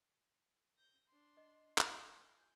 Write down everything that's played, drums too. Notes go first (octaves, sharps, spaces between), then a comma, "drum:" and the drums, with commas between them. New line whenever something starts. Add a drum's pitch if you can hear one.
G6 A#6
D4 C6
D#5
F4, drum: clap
G#5 C6 G6